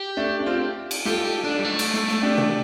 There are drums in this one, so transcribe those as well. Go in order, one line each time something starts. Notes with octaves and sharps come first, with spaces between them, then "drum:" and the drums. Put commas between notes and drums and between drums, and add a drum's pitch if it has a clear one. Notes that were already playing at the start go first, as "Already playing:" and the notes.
Already playing: G4
A3 D4
D4
C4 F4
drum: cymbal
F4 G4 A4, drum: snare
G4
D4
G3
A3
drum: cymbal
drum: snare
drum: snare
D4 G4
drum: tom